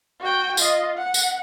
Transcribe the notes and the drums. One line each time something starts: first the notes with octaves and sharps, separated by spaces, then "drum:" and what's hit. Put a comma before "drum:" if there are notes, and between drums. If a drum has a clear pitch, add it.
F#4 G5
F4 D#5, drum: tambourine
F#5
drum: tambourine